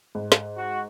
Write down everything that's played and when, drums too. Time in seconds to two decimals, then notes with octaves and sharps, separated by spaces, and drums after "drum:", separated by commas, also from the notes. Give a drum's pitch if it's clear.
0.15 G#2
0.32 drum: snare
0.58 F#4